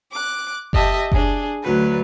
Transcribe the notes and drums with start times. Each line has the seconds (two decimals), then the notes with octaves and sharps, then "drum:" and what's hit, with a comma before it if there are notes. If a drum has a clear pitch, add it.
0.11 D6 F#6
0.73 G4 D#5 E5 A5, drum: kick F#1
1.12 D4 G#4, drum: kick F#1
1.63 D2 F#3 B4